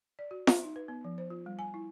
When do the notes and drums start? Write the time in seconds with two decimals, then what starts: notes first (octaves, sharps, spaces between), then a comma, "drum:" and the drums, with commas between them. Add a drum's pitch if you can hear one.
0.19 D5
0.31 F#4
0.47 E5, drum: snare
0.63 D#4
0.76 B4
0.88 B3
1.04 F3
1.18 C5
1.30 F4
1.46 G3
1.59 G#5
1.74 E4